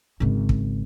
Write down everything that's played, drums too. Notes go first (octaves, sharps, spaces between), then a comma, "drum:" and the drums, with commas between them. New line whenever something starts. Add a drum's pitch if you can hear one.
G#1 C#3
drum: kick